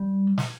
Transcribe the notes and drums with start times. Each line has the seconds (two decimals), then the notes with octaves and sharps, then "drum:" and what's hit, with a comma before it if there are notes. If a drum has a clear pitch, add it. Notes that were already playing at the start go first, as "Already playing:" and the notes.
Already playing: G3
0.38 drum: snare